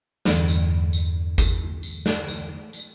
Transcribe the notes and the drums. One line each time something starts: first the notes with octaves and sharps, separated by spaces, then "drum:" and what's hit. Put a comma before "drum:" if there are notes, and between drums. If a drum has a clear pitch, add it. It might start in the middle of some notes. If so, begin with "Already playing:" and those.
E2 G2 D3, drum: snare
drum: tambourine
drum: tambourine
drum: kick G#1, tambourine
drum: tambourine
drum: snare
drum: tambourine
drum: tambourine